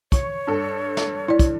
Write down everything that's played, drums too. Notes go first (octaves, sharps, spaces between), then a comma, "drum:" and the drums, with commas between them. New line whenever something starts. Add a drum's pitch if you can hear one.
C#5 C#6, drum: kick, hi-hat
G2 A4
drum: snare
E4 D5
drum: kick, hi-hat